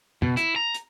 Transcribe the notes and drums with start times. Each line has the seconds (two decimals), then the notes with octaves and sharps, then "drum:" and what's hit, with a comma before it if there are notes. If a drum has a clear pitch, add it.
0.22 B2, drum: tom
0.37 E4, drum: hi-hat
0.56 A#5
0.74 drum: hi-hat